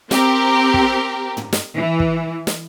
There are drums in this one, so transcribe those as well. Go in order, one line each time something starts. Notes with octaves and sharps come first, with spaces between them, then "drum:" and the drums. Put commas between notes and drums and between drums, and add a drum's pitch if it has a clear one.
C4 G4 A#4, drum: snare
drum: kick
drum: tom
drum: snare
E3
drum: kick
drum: snare